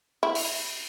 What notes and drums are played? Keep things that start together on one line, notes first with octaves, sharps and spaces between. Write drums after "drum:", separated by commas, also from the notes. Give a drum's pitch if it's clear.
E4
drum: open hi-hat